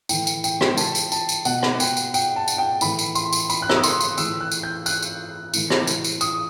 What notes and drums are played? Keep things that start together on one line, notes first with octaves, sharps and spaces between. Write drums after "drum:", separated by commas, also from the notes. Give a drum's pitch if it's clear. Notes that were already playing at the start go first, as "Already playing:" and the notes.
A2 E3 G5, drum: tambourine
drum: tambourine
G5, drum: tambourine
drum: rim click
A5, drum: tambourine
drum: tambourine
A5, drum: tambourine
drum: tambourine
B2 F#5, drum: tambourine
drum: rim click
G5, drum: tambourine
drum: tambourine
G5, drum: tambourine
A5
drum: tambourine
G5
A2 E3 B5, drum: tambourine
drum: tambourine
C6, drum: tambourine
drum: tambourine
B5, drum: tambourine
F#6
E6, drum: rim click
D#6
C6, drum: tambourine
drum: tambourine
A2 E3 E6, drum: tambourine
F#6
drum: tambourine
G6
F#6, drum: tambourine
drum: tambourine
A2 E3, drum: tambourine
drum: rim click
drum: tambourine
drum: tambourine
D#6, drum: tambourine